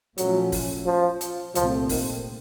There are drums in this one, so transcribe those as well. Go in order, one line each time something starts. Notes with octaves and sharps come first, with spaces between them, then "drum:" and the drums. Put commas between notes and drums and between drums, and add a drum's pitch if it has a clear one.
A#2 F3 F#3 A3 C#4, drum: hi-hat
drum: kick, open hi-hat
F3
drum: hi-hat
C2 A#2 F3 A3 C4, drum: hi-hat
D#3, drum: kick, open hi-hat